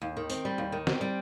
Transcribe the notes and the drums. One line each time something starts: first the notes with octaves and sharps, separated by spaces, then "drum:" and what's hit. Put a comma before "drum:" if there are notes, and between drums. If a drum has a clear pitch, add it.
D#2
D#3
C4, drum: tambourine
G3
D#2
D#3
C4, drum: snare
G3